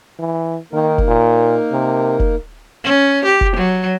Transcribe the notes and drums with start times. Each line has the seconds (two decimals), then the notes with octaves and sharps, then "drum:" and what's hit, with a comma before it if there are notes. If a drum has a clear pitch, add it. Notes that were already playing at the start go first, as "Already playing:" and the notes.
0.19 E3
0.73 D#3 A#3 D#4 A#4
0.98 drum: kick
1.08 A#2
1.72 C3
2.19 drum: kick
2.84 C#4
3.25 G4
3.41 drum: kick
3.56 F#3